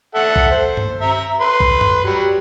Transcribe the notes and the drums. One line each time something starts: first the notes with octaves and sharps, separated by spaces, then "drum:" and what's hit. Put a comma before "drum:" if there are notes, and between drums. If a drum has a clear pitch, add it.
A4 E5 F#5
drum: kick
C5
drum: tom G2
E5 A#5
B4 C6
drum: kick
drum: tom F#2
F#3 G3